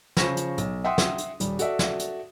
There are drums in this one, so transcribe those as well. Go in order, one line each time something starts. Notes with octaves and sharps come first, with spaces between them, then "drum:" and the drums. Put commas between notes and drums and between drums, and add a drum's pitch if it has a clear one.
C#3 F3 C5 C#6 A#6 E7, drum: snare
drum: hi-hat
B1, drum: hi-hat
E5 F#5 G5 C6 D#6
drum: snare
drum: hi-hat
D#1 G3, drum: hi-hat
F#4 A4 D5 E5, drum: hi-hat
drum: snare
drum: hi-hat